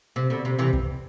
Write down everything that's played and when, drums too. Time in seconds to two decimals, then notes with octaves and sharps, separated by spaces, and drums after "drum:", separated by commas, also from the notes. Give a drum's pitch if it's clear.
0.16 C3
0.30 B2 D3
0.45 C3
0.59 C3 E3
0.73 drum: kick